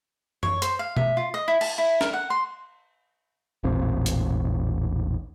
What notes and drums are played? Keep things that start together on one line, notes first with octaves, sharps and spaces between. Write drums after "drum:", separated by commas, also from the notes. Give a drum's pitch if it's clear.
C#5, drum: tom F#2
C5, drum: hi-hat
F5
E5, drum: tom B2
F4
D#5
E4
A5, drum: cymbal
E4
A#4, drum: snare
F#5
C6
E1 A1 A#2 C4
drum: hi-hat